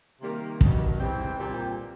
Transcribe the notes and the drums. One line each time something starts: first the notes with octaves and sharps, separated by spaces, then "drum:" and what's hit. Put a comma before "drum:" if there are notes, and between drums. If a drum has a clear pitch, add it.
C3 D#3 G3 A#3
G2 D#3 F#3, drum: kick
G#2 E3 G3 C4
A#2 G3 C4